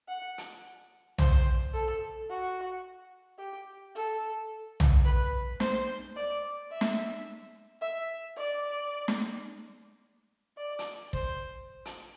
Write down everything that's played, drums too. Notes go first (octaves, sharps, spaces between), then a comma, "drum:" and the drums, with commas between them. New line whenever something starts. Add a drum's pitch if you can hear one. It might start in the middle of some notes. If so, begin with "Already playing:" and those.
F#5
drum: hi-hat
C5, drum: tom B1
A4
F#4
G4
A4
drum: tom B1
B4
C5, drum: snare
D5
E5
drum: snare
E5
D5
drum: snare
D5
drum: hi-hat
C5, drum: kick
drum: hi-hat